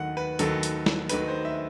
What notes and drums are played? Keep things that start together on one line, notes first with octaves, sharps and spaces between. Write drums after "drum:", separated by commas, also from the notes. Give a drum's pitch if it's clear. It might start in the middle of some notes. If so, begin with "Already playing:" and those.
Already playing: D#2 D#3 F#3 A3 F#5
B4
D#2 D#3 F#3 A3 A4, drum: hi-hat
drum: hi-hat
drum: snare
D#2 D#3 F#3 A3 B4, drum: hi-hat
C5
E5